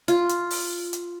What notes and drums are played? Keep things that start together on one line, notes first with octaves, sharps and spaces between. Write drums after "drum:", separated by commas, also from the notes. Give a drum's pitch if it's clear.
F4, drum: hi-hat
drum: hi-hat
drum: open hi-hat
drum: hi-hat